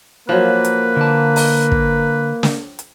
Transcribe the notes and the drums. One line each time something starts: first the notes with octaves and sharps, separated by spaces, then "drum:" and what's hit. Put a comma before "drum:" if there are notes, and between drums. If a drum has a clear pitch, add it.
F3 F#3 A#3 B4
drum: hi-hat
D3 A5
drum: open hi-hat
drum: kick
drum: snare
drum: hi-hat